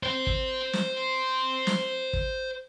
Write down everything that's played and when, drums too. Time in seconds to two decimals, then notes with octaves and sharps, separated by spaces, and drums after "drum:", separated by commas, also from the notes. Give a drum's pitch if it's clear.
0.03 C5 G5
0.27 drum: kick
0.73 drum: snare
1.67 drum: snare
2.13 drum: kick